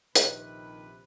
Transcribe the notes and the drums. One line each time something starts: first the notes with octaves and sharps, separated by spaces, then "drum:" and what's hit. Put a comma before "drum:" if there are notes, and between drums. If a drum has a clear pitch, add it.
A#1 C3 D#3 B4, drum: hi-hat